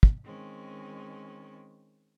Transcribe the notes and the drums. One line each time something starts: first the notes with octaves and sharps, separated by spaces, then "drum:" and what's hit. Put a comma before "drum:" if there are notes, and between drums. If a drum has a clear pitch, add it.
drum: kick
D#3 G#3 C4 C#4